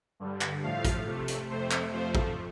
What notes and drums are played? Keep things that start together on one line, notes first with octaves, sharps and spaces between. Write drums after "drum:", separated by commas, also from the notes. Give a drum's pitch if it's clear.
G2 D3 G3
drum: clap
A2 F3 A3 F5
drum: kick, hi-hat
C3 A3
drum: hi-hat
F2 C3 A3 C5
drum: clap
F2 F3 A3 C5
drum: kick